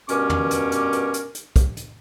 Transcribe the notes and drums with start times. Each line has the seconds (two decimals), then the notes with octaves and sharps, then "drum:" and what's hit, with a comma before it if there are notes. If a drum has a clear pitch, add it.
0.09 G2 B2 C#4 A#4 C#6 D6, drum: hi-hat
0.30 drum: tom
0.51 drum: hi-hat
0.72 drum: hi-hat
0.93 drum: hi-hat
1.14 drum: hi-hat
1.35 drum: hi-hat
1.56 drum: kick, hi-hat
1.77 drum: hi-hat